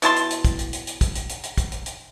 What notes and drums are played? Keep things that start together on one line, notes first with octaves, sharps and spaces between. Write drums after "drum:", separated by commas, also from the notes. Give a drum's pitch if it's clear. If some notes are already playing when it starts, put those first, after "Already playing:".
B2 E4 A5 C6, drum: hi-hat
drum: hi-hat
drum: hi-hat
drum: kick, hi-hat
drum: hi-hat
drum: hi-hat
drum: hi-hat
drum: kick, hi-hat
drum: hi-hat
drum: hi-hat
drum: hi-hat
drum: kick, hi-hat
drum: hi-hat
drum: hi-hat